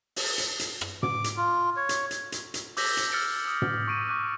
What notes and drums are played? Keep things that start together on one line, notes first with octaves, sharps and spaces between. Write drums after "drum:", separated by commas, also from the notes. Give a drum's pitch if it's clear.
drum: open hi-hat
drum: hi-hat
drum: hi-hat
drum: rim click
D6, drum: tom
drum: hi-hat
F4
C#5
drum: hi-hat
drum: hi-hat
drum: hi-hat
drum: hi-hat
D6 E6 G6 A#6 B6 F#7, drum: open hi-hat
drum: hi-hat
E6 F6 A6 C#7 D7
D#6
drum: tom
C#6 D6 D7 D#7
C#6 D6 F#6 D#7